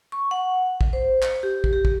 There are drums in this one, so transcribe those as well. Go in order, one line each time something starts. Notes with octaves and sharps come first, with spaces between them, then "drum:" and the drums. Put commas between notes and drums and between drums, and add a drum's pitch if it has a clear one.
C#6
F#5
drum: kick
C5
drum: clap
G4
drum: kick
G4
drum: kick